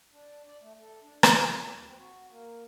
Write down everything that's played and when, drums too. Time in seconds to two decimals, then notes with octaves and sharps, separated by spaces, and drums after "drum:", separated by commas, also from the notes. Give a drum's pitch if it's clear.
0.13 D4
0.46 D5
0.62 A3
0.80 A4
1.02 D4
1.23 E4, drum: rim click
1.45 F4
1.59 B4
1.72 D#2
1.86 C4
1.98 F#4
2.30 A#3